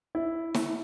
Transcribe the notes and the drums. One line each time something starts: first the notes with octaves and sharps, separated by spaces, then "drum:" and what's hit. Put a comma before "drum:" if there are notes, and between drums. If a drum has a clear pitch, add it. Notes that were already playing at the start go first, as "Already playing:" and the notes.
E4
drum: snare